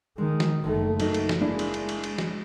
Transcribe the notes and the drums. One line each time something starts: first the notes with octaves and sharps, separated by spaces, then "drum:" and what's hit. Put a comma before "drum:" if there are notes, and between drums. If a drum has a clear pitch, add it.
D#3 G#3
drum: snare
F#1 D3 D#3 A3
F#3 A#3 D#4, drum: cymbal
drum: cymbal
drum: snare
G#3 A#3 D4 E4
drum: cymbal
drum: cymbal
drum: cymbal
drum: cymbal
drum: snare